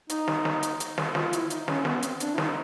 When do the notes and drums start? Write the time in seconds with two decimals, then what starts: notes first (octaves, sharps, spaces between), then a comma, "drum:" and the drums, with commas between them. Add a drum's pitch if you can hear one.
0.09 D#4, drum: hi-hat
0.28 drum: snare
0.45 drum: snare
0.63 drum: hi-hat
0.80 drum: hi-hat
0.98 drum: snare
1.15 F4, drum: snare
1.33 E4, drum: hi-hat
1.50 D#4, drum: hi-hat
1.68 C#4, drum: snare
1.85 B3, drum: snare
2.02 C4, drum: hi-hat
2.20 D4, drum: hi-hat
2.34 E4
2.38 D#4, drum: snare